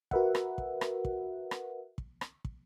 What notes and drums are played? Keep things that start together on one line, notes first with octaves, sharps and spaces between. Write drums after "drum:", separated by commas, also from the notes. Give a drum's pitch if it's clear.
F#4 A#4 B4 E5 F#5, drum: kick
drum: rim click
drum: kick
drum: rim click
drum: kick
drum: rim click
drum: kick
drum: rim click
drum: kick